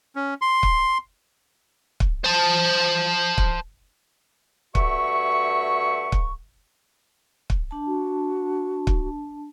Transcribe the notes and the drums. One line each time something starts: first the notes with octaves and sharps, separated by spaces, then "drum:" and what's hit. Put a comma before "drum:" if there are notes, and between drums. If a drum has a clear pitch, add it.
C#4
C6
drum: kick
drum: kick
C5 A5
drum: kick
G2 A3 F#4 E5 F#5 C#6, drum: kick
drum: kick
drum: kick
D4 A5
F#4
drum: kick